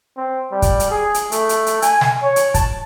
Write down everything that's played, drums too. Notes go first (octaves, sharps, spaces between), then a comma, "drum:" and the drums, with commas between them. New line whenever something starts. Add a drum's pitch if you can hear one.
C4
G3
drum: kick, hi-hat
drum: hi-hat
G#4
drum: hi-hat
A3, drum: hi-hat
drum: hi-hat
drum: hi-hat
G#5, drum: hi-hat
drum: snare
C#5
drum: hi-hat
A5, drum: kick, hi-hat